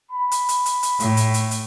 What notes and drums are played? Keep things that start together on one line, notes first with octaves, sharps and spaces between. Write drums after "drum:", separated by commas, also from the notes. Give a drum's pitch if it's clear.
B5
drum: hi-hat
drum: hi-hat
drum: hi-hat
drum: hi-hat
A2, drum: hi-hat
drum: hi-hat
drum: hi-hat
drum: hi-hat